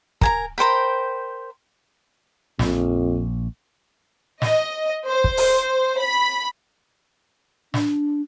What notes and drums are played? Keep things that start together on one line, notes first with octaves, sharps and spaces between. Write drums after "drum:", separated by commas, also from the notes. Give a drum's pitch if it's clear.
A#4 G#5 A#5, drum: kick
A#4 C5 G5 B5
A#1 F2, drum: snare
D#5, drum: snare
C5
drum: kick
drum: open hi-hat
B5
D4, drum: snare